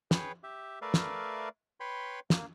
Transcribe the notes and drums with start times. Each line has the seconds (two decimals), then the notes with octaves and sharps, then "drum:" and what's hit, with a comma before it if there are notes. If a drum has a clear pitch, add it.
0.11 G#4 B4 C#5 G5, drum: snare
0.43 G4 E5
0.82 A3 A#4 B4 D5 E5 F5
0.94 drum: snare
1.80 B4 C#5 G5 B5 C6
2.30 A#3, drum: snare